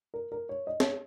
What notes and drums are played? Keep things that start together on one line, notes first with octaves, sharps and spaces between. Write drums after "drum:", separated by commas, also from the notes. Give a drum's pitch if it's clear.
A#4
A#4
C#5
D#5
C#5, drum: snare G#4